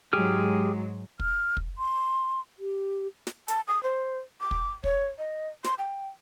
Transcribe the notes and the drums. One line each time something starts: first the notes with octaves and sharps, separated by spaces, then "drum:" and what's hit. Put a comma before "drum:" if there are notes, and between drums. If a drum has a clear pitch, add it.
G#2 F#3 G#3 G4 G#4 F6
F6, drum: kick
drum: kick
C6
G4
drum: snare
A5, drum: hi-hat
D#6
C5
D6
drum: kick
C#5, drum: kick
D#5
C6, drum: snare
G5